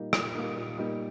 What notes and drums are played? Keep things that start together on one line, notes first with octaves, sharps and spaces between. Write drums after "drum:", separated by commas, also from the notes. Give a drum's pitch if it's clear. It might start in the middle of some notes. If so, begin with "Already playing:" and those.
Already playing: A#2 G3 A#3 D#4
A#2, drum: rim click
G3 A#3 D#4
A#2
G3 A#3 D#4